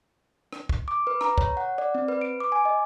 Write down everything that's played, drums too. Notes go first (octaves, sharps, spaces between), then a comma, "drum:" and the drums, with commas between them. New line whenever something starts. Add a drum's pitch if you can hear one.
drum: rim click
drum: kick
D6
B4
A#5, drum: rim click
C#5, drum: kick
F#5
D5
C4
B4
D7
D6
G#5
D#5